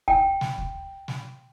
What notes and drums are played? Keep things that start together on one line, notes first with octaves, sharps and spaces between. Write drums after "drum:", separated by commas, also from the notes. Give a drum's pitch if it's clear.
G5, drum: kick D2
drum: snare
drum: kick D2
drum: snare